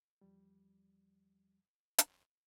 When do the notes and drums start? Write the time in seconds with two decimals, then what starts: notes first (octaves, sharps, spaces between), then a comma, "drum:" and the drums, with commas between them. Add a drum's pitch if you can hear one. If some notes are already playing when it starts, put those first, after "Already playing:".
0.21 E2 F3 G3
1.98 drum: hi-hat